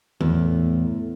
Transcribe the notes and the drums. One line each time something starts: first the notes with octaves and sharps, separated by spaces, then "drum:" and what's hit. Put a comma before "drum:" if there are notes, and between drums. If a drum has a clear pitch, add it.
E2 A2, drum: tom D#3